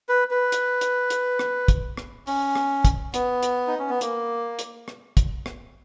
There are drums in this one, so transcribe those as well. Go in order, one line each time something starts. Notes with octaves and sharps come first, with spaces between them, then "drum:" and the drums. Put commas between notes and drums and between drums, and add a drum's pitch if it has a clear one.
B4
B4
drum: hi-hat
drum: hi-hat
drum: hi-hat
drum: rim click
drum: kick, hi-hat
drum: rim click
C#4, drum: open hi-hat
drum: rim click
drum: kick, hi-hat
B3, drum: hi-hat
drum: hi-hat
D#4
C#4
B3
A#3, drum: hi-hat
drum: hi-hat
drum: rim click
drum: kick, hi-hat
drum: rim click